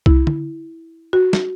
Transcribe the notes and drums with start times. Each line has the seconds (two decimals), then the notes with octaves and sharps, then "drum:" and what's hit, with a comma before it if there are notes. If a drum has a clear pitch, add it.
0.06 E4, drum: kick C2
0.27 drum: tom D3
1.13 F#4
1.33 drum: snare